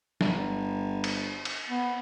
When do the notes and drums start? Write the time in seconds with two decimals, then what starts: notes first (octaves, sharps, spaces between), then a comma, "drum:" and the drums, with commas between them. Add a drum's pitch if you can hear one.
0.21 G1, drum: snare
1.04 drum: cymbal
1.45 drum: cymbal
1.69 B3